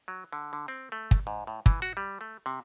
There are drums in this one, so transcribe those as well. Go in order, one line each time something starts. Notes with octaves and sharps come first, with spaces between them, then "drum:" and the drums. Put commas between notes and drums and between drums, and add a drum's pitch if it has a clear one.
F#3
D3
D3
C4
A3
drum: kick
G#2
A2
E3, drum: kick
F#4
G3
A3
C3